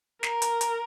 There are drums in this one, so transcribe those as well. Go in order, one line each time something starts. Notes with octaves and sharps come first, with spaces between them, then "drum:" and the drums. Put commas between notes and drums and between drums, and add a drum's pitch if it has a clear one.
A#4, drum: snare
drum: hi-hat
drum: hi-hat